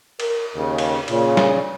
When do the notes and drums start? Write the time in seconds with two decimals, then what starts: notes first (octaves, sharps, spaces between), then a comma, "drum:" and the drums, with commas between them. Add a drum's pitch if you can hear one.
0.20 A#4, drum: cymbal
0.55 D#2 C#3
0.78 drum: cymbal
1.08 A#2 C#3 C#5, drum: cymbal
1.37 drum: snare